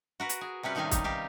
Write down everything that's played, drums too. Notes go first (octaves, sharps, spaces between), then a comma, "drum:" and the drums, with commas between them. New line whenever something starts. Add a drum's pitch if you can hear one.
F#4 A#4 B4
drum: hi-hat
G#4
C3 G3 C#4 B4
A2 D#3 G3 D#4 F5 G#5
G3 D#4, drum: kick, hi-hat
G3 D#4 G4 F5